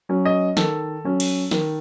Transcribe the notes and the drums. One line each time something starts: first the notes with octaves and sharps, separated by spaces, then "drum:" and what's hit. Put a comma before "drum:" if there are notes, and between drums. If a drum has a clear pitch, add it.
F#3 C#4
D#5
D#3 A4, drum: snare
F#3 C#4
drum: cymbal
D#3, drum: snare